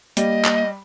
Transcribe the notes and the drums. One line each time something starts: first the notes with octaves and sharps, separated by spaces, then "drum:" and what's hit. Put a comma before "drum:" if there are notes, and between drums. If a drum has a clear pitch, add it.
G3 A#3 D#5, drum: hi-hat
drum: clap